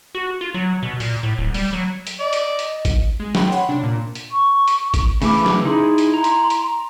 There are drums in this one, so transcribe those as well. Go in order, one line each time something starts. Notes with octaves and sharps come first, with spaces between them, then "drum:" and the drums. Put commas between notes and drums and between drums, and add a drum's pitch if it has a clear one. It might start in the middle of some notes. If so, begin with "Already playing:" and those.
F#4
F4
F#3
B2
A#2, drum: open hi-hat
A2
D1
G3, drum: open hi-hat
F#3
drum: hi-hat
D5 D#5
drum: hi-hat
drum: hi-hat
drum: kick G#1, hi-hat
G#3
G5 B5 C6, drum: snare
C#5 F#5 B5 C6
C3 D4
A#2
drum: hi-hat
C#6
drum: hi-hat
drum: kick G#1, hi-hat
C#3 E3 A3 B5 D6, drum: open hi-hat
drum: snare
D#4 E4 G#4 C6
drum: hi-hat
A#5
drum: hi-hat
drum: hi-hat